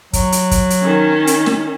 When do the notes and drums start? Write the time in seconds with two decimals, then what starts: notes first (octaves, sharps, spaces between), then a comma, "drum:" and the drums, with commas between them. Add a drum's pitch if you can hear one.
0.13 F#3, drum: kick, hi-hat
0.32 drum: hi-hat
0.51 drum: kick, hi-hat
0.70 drum: hi-hat
0.83 D#3 C#4
1.27 drum: hi-hat
1.46 drum: snare